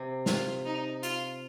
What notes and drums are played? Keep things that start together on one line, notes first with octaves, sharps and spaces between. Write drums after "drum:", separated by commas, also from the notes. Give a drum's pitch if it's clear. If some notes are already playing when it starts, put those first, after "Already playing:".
Already playing: C3
F4, drum: snare
D#4
F4, drum: hi-hat